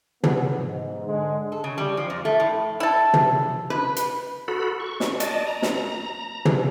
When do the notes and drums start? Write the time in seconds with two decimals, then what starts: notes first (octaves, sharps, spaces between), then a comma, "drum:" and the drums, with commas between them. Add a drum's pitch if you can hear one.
0.23 B3, drum: tom
0.56 G#2
1.07 D3 G#3
1.52 A4
1.64 C#3
1.78 G3
1.97 F3
2.10 F2
2.25 A3
2.40 A2
2.80 E4 A4
3.14 drum: tom
3.70 B4
3.96 drum: hi-hat
4.48 F#4 A4 B5
4.80 C#6
5.00 drum: snare
5.20 D5 D#5 A5, drum: hi-hat
5.47 A#5
5.62 drum: snare
6.45 drum: tom